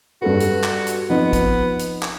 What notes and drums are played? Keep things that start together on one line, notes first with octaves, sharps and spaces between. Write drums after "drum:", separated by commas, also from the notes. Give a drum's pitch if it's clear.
G2 F#4 A4 B4
drum: hi-hat
drum: clap
drum: hi-hat
F3 B3 C4 D#4
drum: kick, hi-hat
drum: hi-hat
drum: clap